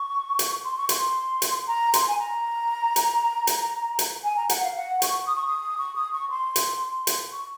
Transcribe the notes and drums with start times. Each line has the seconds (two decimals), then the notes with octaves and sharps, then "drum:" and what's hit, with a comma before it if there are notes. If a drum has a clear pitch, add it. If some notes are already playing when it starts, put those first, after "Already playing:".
Already playing: C#6
0.39 drum: hi-hat
0.64 C6
0.77 C#6
0.89 C6, drum: hi-hat
1.42 drum: hi-hat
1.67 A#5
1.94 C6, drum: hi-hat
2.08 G#5
2.18 A#5
2.96 drum: hi-hat
3.47 drum: hi-hat
3.99 drum: hi-hat
4.24 G#5
4.37 A#5
4.49 F#5, drum: hi-hat
4.63 F5
4.76 F#5
5.02 C#6, drum: hi-hat
5.27 D#6
5.36 C#6
5.46 D#6
5.78 C#6
5.96 D#6
6.13 C#6
6.30 C6
6.56 drum: hi-hat
7.07 drum: hi-hat
7.33 C#6